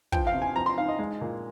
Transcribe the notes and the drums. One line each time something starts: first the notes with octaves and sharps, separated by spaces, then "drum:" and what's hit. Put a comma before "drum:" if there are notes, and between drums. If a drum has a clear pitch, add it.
F3 G5, drum: kick
F5
C3
G#5
F3 A#5
C6
G#2 F5
D#5
G#3
A#2